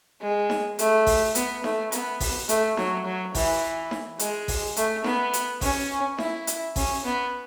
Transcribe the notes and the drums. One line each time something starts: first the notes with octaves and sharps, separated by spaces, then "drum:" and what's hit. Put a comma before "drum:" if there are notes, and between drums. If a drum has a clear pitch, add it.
G#3
drum: snare D#4
A3, drum: hi-hat
drum: kick A1, open hi-hat
B3, drum: hi-hat
A3, drum: snare D#4
B3, drum: hi-hat
drum: kick A1, open hi-hat
A3, drum: hi-hat
F#3, drum: snare D#4
F#3
E3, drum: kick A1, open hi-hat
drum: snare D#4
G#3, drum: hi-hat
drum: kick A1, open hi-hat
A3, drum: hi-hat
B3, drum: snare D#4
drum: hi-hat
C#4, drum: kick A1, open hi-hat
E4, drum: snare D#4
drum: hi-hat
C#4, drum: kick A1, open hi-hat
B3